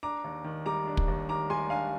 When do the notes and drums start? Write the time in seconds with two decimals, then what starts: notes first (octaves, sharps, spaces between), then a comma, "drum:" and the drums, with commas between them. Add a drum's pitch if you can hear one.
0.03 D4 A#5 D6
0.24 D#2
0.44 D#3
0.66 G3 A#5 D6
0.87 D4
0.97 drum: kick
1.08 D#2
1.29 D#3 A#5 D6
1.50 G3 G#5 C6
1.70 D4 F5 G#5